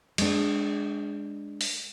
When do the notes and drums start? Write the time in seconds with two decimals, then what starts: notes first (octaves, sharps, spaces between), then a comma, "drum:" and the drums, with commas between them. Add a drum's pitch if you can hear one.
0.18 G#3 D4, drum: cymbal
1.61 drum: open hi-hat